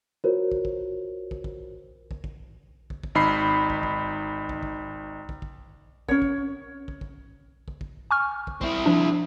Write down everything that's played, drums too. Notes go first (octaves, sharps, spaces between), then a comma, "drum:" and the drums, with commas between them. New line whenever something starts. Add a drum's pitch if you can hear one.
F4 F#4 A#4 C5 C#5
drum: kick
drum: kick
drum: kick
drum: kick
drum: kick
drum: kick
drum: kick
drum: kick
G#1 D#4 B5 C7
drum: kick
drum: kick
drum: kick
drum: kick
drum: kick
drum: kick
C#4 C#5, drum: kick
drum: kick
drum: kick
drum: kick
drum: kick
drum: kick
G#5 C#6 F6
drum: kick
C4 E4, drum: kick
F3 D4